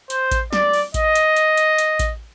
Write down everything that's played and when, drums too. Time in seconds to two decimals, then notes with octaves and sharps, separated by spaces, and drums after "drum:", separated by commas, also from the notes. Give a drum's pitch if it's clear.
0.10 C5, drum: hi-hat
0.31 drum: kick A1, hi-hat
0.53 D5, drum: snare
0.73 drum: open hi-hat
0.94 D#5, drum: kick A1, hi-hat
1.15 drum: hi-hat
1.36 drum: hi-hat
1.57 drum: hi-hat
1.78 drum: hi-hat
1.99 drum: kick A1, hi-hat